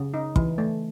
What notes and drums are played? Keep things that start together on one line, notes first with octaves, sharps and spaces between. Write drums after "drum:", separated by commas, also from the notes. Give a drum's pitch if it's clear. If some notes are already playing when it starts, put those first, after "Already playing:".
Already playing: C#3
D#4
E3, drum: kick
A3